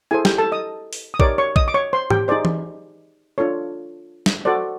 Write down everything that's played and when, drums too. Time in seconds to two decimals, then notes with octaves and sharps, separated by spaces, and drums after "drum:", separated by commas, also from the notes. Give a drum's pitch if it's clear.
0.11 E4 G#4 A4 C5 G#5
0.25 G4 G5, drum: snare
0.38 A4 A5
0.52 D#5 D#6
0.93 drum: open hi-hat
1.14 D#6
1.20 D#4 G4 A#4 C#5 D5 D6, drum: kick A#1
1.38 C#5 C#6
1.56 D#5 D#6, drum: kick A#1
1.68 D6
1.74 C#5 C#6
1.93 C5 C6
2.10 G4 G5, drum: tom G#2
2.28 D#4 G#4 C5 D5
2.45 drum: tom E3
3.38 D4 F4 A4 C#5
4.26 drum: snare
4.45 F#4 A4 C5 D5